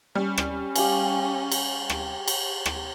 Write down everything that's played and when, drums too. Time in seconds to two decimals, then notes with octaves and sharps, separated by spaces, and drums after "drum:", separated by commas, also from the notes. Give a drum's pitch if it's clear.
0.15 G3 C#4
0.38 drum: rim click
0.76 G4 F5 G#5, drum: cymbal
1.52 drum: cymbal
1.90 drum: rim click
2.28 drum: cymbal
2.66 drum: rim click